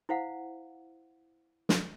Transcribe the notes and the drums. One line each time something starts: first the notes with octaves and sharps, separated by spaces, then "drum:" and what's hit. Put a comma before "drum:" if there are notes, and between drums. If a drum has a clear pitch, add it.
E4 C5 F5 F#5
drum: snare